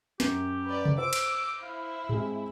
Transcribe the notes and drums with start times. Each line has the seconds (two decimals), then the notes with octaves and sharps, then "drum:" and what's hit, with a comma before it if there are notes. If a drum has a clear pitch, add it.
0.20 F#2 G4, drum: snare
0.67 B4 D5
0.85 drum: tom C3
0.98 C5 D6 E6
1.13 drum: cymbal
1.63 E4 F5
2.09 G#3 C4 G#4, drum: tom G#2